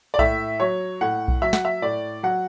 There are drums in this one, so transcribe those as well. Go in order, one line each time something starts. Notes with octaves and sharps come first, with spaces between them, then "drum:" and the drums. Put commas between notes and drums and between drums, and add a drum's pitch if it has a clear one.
D5
A2 E5, drum: kick B1
F#3 C#5
A2 F#5
drum: kick B1
F#3 E5
F#5, drum: snare
E5
A2 D5
F#3 F#5